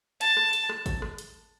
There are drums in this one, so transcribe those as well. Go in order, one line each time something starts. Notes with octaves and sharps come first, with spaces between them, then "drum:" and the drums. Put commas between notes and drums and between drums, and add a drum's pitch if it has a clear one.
A5, drum: hi-hat
drum: rim click
drum: hi-hat
drum: rim click
drum: kick G#1, hi-hat
drum: rim click
drum: hi-hat